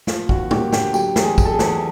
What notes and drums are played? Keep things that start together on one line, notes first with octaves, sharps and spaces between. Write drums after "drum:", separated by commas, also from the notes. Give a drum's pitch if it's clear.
F3 F4, drum: snare
D#2 F#4, drum: kick
A#3 G4, drum: tom A2
D3 G4, drum: snare
F#3 G4, drum: tambourine
E2, drum: snare
G#4
F#3, drum: kick, tambourine
A4
G#4
E2, drum: snare